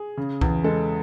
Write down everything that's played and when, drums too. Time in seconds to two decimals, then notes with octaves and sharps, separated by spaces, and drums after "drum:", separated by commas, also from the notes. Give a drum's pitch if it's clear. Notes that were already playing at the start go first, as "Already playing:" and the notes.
Already playing: G#4
0.17 C#3
0.41 E2, drum: kick C2
0.64 G#3 A4